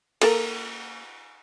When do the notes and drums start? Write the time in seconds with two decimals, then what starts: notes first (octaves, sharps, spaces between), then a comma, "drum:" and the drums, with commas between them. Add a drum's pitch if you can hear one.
0.21 A#3 A4 A#4, drum: cymbal